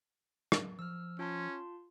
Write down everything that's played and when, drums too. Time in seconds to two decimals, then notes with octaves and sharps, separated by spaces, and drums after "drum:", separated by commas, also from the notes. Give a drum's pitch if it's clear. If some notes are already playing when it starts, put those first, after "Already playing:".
0.52 drum: rim click
0.79 F3 E6 F6
1.19 C#4 F4 A5 C6